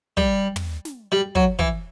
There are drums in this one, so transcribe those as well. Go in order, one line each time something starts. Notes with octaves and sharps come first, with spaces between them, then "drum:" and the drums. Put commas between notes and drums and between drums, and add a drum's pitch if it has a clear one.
G3, drum: kick
drum: tom
drum: snare
G3
F#3, drum: kick
E3, drum: kick